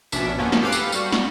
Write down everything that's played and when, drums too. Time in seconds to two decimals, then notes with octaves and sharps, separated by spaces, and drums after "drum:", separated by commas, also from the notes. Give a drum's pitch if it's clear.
0.12 A#1 B2 C#4 D4 E5, drum: tambourine
0.38 G2 F3 A#3 B3 C#4
0.52 drum: snare
0.61 G4 A4 B4 F5
0.72 drum: tambourine
0.92 G3 F#4, drum: tambourine
1.12 drum: snare